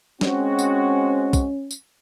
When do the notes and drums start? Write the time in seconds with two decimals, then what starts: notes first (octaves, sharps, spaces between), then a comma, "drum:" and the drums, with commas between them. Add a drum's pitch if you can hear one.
0.21 G#3 C4 C#4 F#4, drum: snare
0.59 drum: tambourine
1.33 drum: kick, tambourine
1.71 drum: tambourine